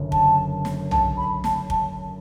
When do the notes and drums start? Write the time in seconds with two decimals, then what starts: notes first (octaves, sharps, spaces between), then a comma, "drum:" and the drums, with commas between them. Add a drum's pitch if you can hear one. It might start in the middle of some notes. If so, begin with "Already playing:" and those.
Already playing: F#1 F#2 D3
0.12 A5, drum: kick
0.65 drum: snare
0.91 A5, drum: tom B1
1.17 B5
1.44 A5, drum: snare
1.70 A5, drum: kick